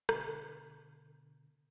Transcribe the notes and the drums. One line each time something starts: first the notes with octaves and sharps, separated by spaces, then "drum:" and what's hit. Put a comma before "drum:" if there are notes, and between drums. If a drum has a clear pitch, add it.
B2 D3, drum: rim click